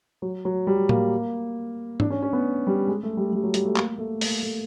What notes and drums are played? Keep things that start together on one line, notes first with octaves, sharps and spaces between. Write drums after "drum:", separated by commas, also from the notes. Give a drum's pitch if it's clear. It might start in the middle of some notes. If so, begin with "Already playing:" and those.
F#3
F#3
G3
A#3, drum: tom A2
D4, drum: tom G#2
C#4
C#4
B3
G3
G#3
A3
G3
G3
F#3
G3, drum: hi-hat
A3
A#3, drum: clap
A3
A#3, drum: open hi-hat
A3